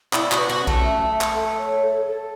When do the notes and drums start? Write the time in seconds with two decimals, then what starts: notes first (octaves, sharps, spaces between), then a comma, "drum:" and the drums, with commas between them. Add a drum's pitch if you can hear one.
0.13 E4 D5, drum: clap
0.32 F#4, drum: clap
0.37 B4
0.49 F#4
0.61 C#4
0.67 A3, drum: kick B1
0.84 E5
1.09 E5
1.21 drum: clap
1.33 A4
1.57 C#5
1.81 A4
2.05 A4